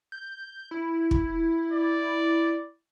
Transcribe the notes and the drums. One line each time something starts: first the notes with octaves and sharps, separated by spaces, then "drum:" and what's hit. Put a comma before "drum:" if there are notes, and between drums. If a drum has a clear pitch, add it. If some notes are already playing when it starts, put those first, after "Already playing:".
G6
E4
drum: kick
D5